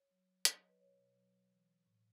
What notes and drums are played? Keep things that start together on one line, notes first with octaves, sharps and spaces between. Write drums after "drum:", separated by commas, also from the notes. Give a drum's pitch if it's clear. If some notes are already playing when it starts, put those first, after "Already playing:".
Already playing: C#5
F#3
F#3
F#3 D#5, drum: hi-hat
C#5
F#3
B4
B2 C#5
B2
F#3
F#3
E3
E3
A2